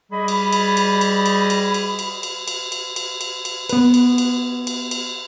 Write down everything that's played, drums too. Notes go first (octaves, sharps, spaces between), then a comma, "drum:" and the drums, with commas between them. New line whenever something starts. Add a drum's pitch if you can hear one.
G3 G#4 D#5 B5
drum: cymbal
drum: cymbal
drum: cymbal
drum: cymbal
drum: cymbal
drum: cymbal
drum: cymbal
drum: cymbal
drum: cymbal
drum: cymbal
drum: cymbal
drum: cymbal
drum: cymbal
drum: cymbal
B3 B4, drum: cymbal
drum: cymbal
drum: cymbal
drum: cymbal
drum: cymbal